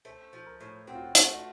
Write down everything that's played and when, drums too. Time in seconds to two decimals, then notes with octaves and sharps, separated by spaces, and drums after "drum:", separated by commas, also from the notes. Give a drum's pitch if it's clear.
0.05 A3 C5
0.33 F3
0.46 A#4
0.61 A2
0.87 C4 F#4
0.95 F4
1.04 F#4
1.15 A3, drum: hi-hat
1.28 F#4